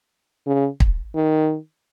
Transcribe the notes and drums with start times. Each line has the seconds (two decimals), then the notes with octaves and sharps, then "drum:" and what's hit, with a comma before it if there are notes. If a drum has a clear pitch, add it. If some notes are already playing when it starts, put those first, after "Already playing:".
0.47 C#3
0.80 drum: kick
1.15 D#3